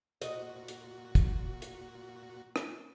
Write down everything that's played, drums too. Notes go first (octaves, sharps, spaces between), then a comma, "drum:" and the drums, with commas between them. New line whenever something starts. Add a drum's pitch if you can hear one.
A#2 F#4 D#5, drum: hi-hat
drum: hi-hat
drum: kick, hi-hat
drum: hi-hat
drum: rim click